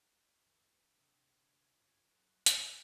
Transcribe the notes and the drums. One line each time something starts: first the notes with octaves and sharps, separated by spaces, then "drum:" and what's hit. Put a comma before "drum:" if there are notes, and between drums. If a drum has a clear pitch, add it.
D2 G2 E3 B4 E5
D#2 C3 C4 D4 B4 D#5 E5 G5
D2 G#4
G2 D3 C#4 F4 A4 G#5
G2 F#3 C4 F#4 A4 F#5
F#2 C3 G3 G#3, drum: hi-hat